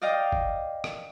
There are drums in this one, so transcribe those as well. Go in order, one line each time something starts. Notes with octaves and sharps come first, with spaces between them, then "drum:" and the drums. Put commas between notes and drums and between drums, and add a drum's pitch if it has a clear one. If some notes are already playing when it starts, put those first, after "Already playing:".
D5 D#5 F5 G5
drum: kick G1
drum: rim click